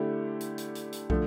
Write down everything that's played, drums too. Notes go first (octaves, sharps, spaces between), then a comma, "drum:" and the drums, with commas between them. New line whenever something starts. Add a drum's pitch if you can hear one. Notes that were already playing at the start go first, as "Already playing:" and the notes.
Already playing: D3 A3 E4 G4
drum: hi-hat
drum: hi-hat
drum: hi-hat
drum: hi-hat
D3 F3 A3, drum: kick